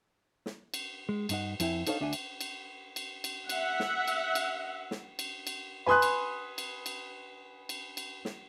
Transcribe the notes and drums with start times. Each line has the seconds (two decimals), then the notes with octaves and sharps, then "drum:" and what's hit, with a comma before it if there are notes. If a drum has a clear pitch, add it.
0.46 drum: snare
0.74 drum: cymbal
1.09 G#3
1.29 G2 D#4 F#5, drum: cymbal
1.60 F2 E4 G5 G#5, drum: cymbal
1.87 D4 D#4 A4 C5 C#5 F5, drum: cymbal
2.01 D2 D4 E5 F#5 G#5
2.13 drum: cymbal
2.41 drum: cymbal
2.96 drum: cymbal
3.24 drum: cymbal
3.49 E5 F#5, drum: cymbal
3.80 drum: snare
4.07 drum: cymbal
4.35 drum: cymbal
4.91 drum: snare
5.19 drum: cymbal
5.47 drum: cymbal
5.86 B4 G#5 C6 D#6 F#6
6.02 drum: cymbal
6.58 drum: cymbal
6.86 drum: cymbal
7.69 drum: cymbal
7.97 drum: cymbal
8.25 drum: snare